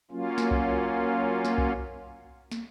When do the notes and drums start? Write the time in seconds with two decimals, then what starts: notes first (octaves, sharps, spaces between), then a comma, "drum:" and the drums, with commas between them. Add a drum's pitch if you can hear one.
0.11 F#3 A#3 C#4 F4
0.38 drum: snare
0.51 drum: kick B1
1.45 drum: snare
1.58 drum: kick B1
2.51 drum: snare